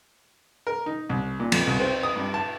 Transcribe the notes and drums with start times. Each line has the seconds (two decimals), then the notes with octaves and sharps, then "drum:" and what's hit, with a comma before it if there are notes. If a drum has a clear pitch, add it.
0.67 A#4
0.86 D#4
1.09 C2
1.40 A#2
1.52 F2, drum: cymbal
1.67 C2
1.80 C4
2.03 D#6
2.16 G2
2.34 A5